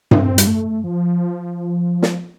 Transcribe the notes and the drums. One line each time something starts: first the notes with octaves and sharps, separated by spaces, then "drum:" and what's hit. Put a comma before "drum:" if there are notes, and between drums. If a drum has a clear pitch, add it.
C4, drum: tom G2
G3, drum: hi-hat
A3
F3
drum: snare